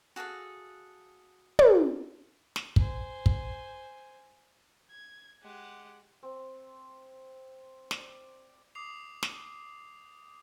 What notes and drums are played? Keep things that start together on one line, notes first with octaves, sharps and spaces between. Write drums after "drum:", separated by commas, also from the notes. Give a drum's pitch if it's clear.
F#4 G#4 A4 F5
drum: tom
drum: snare
C5 G#5, drum: kick
drum: kick
G#6
G#3 G4 F#5
C4
D5, drum: snare
D6 D#6 C7 F7
drum: snare